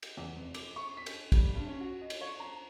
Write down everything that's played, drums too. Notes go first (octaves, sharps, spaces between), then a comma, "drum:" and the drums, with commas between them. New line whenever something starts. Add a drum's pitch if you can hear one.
drum: cymbal
E2
F1
D6, drum: cymbal
C#6
B6
drum: cymbal
G3, drum: kick, cymbal
G2
C#4
F#4
D#5
drum: cymbal
C#5
A#5